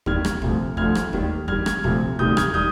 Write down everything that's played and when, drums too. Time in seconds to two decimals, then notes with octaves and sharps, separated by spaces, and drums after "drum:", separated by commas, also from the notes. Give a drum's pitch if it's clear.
0.06 D#2 D#3 G3 F6 G#6, drum: kick
0.25 drum: rim click
0.42 D2 C3 F3, drum: kick
0.77 D2 D3 F3 F6 G#6, drum: kick
0.95 drum: rim click
1.13 D#2 D#3 G3, drum: kick
1.48 G2 D#3 G3 F6 G#6, drum: kick
1.66 F6 G#6, drum: rim click
1.84 D2 C3 F3, drum: kick
2.19 D2 C3 D#3 G3 D#6 G6, drum: kick
2.37 F6 G#6, drum: rim click
2.54 D#3 G3 D#6 G6, drum: kick